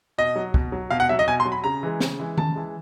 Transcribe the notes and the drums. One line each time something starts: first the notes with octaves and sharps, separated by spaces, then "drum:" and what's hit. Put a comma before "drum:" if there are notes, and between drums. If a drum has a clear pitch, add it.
B2 D#5
F#3
B2, drum: kick
F#3
B2 F5
F#5
F#3 E5
D#5
B2 G#5
C6
F#3
B5
C#3 A#5
E3 G#3
C#3, drum: snare
E3 G#3
C#3 A5, drum: tom D#3
E3 G#3